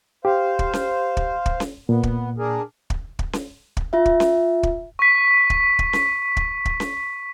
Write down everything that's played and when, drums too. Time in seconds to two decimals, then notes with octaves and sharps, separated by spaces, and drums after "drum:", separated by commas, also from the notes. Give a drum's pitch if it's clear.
0.25 G4 C5 F5
0.59 drum: kick
0.73 drum: snare C#4
1.17 drum: kick
1.46 drum: kick
1.60 drum: snare C#4
1.89 A#2 B3
2.03 drum: kick
2.38 D4 G#4 A#4
2.90 drum: kick
3.19 drum: kick
3.33 drum: snare C#4
3.77 drum: kick
3.93 F4 E5
4.06 drum: kick
4.20 drum: snare C#4
4.63 drum: kick
4.99 C#6 B6
5.50 drum: kick
5.79 drum: kick
5.93 drum: snare C#4
6.37 drum: kick
6.65 drum: kick
6.80 drum: snare C#4